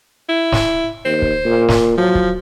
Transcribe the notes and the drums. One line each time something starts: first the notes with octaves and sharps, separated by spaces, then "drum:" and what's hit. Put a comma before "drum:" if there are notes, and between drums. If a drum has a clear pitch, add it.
E4
drum: snare
D#2 C5
drum: kick
A#2
drum: snare
F3 F#3
drum: kick